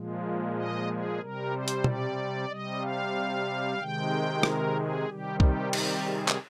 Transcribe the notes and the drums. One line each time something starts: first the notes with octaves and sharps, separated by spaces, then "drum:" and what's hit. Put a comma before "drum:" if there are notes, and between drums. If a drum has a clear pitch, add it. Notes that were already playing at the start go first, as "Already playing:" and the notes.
Already playing: A#2 F3 G#3
D#5
G#4
C3 G3 A#4
C5
drum: hi-hat
D5, drum: tom B2
C3 G3 D#5
F5
C3 D#3 G#3 G5
A#4, drum: rim click
G#4
C3 D#3 G3 G4
G4, drum: kick
G4, drum: cymbal
G#4
drum: clap